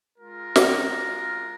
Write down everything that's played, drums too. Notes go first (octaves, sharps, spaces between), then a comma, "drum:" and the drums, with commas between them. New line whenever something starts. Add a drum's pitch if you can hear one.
G#3 F4 A#4
drum: snare